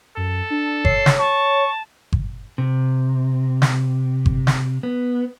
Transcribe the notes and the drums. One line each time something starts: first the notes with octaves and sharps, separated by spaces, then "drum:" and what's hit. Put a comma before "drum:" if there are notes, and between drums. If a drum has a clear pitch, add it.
F#2 A4
D4
C#5 C7, drum: kick G1
drum: snare
A5 C#6
drum: kick G1
C3
drum: snare
drum: kick G1
drum: snare
B3